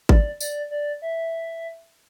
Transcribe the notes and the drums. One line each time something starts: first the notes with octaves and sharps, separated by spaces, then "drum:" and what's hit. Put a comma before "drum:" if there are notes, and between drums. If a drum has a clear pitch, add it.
D5, drum: kick G#1
D5, drum: tambourine
D5
E5